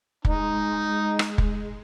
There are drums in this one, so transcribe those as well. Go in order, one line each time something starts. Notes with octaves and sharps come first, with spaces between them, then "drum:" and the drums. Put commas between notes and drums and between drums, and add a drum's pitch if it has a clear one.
G#3 D#4, drum: kick
drum: rim click
drum: kick